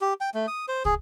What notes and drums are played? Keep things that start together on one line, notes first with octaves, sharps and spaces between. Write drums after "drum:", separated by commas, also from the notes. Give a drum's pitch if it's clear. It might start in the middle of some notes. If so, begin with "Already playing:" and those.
G4
G5
A3
D#6
C5
G#4, drum: kick